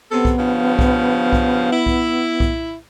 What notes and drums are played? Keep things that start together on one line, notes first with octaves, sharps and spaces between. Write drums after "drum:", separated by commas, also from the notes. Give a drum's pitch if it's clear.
C3 B3 A4
drum: kick B1
G2 C#3 F3
drum: kick B1
drum: kick B1
E4
drum: kick B1
drum: kick B1